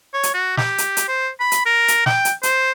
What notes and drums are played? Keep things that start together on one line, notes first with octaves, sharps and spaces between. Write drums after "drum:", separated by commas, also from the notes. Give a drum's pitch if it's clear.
C#5
drum: hi-hat
F#4
G4, drum: snare
drum: hi-hat
drum: hi-hat
C5
B5
drum: hi-hat
A#4
drum: hi-hat
G5, drum: snare
drum: hi-hat
C5, drum: hi-hat